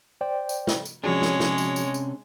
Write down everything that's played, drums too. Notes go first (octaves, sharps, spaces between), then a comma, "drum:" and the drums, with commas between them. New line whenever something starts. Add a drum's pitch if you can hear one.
C5 D5 G5
drum: tambourine
drum: snare
drum: tambourine
C3 F3 G#3 C#4 D4 F#4 G#4 C#5
drum: snare
drum: snare
drum: tambourine
drum: tambourine
drum: tambourine